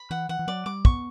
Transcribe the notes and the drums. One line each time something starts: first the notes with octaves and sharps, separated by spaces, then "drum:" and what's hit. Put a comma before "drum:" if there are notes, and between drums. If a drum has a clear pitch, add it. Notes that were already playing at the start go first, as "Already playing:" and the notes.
Already playing: B5
E3 F#5
E3 F#5
E3
F#3 D5
G3 D6
B3 C#6, drum: kick